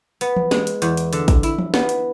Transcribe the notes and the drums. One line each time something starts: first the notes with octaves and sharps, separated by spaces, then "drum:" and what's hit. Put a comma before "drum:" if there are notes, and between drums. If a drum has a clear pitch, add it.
B3, drum: hi-hat
drum: tom E3
G#3, drum: snare
drum: hi-hat
E2, drum: hi-hat
drum: hi-hat
D3, drum: hi-hat
drum: kick, hi-hat
E4, drum: hi-hat
drum: tom E3
B3, drum: snare
drum: hi-hat